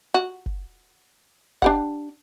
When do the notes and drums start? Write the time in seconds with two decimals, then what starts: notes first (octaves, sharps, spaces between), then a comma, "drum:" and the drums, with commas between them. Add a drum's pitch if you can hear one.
0.14 F#4
0.46 drum: kick F#1
1.62 D4 G4 F#5, drum: kick F#1